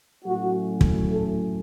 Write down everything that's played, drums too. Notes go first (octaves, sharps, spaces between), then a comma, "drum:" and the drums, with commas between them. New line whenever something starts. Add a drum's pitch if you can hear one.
A2 F#3 A3 C#4 F#4
drum: kick
A4